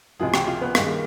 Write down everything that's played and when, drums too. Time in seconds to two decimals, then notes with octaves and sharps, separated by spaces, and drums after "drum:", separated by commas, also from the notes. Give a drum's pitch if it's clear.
0.20 C#2 C3 F3 G#3 G#4
0.34 G4, drum: rim click
0.47 F4
0.61 B3
0.75 G2 D#3 G#3 A#3, drum: rim click